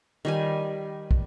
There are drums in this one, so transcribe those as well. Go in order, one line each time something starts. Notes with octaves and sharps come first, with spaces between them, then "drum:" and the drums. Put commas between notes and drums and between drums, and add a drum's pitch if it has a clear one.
D#3 G3 G#5
drum: kick